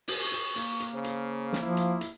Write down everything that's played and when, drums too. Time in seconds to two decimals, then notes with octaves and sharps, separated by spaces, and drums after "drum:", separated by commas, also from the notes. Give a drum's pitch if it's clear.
0.08 drum: open hi-hat
0.21 C#6
0.32 drum: hi-hat
0.56 A#3, drum: hi-hat
0.80 drum: hi-hat
0.94 C#3 C5
1.04 drum: hi-hat
1.53 drum: snare
1.62 F3 E4
1.77 drum: hi-hat
2.01 drum: hi-hat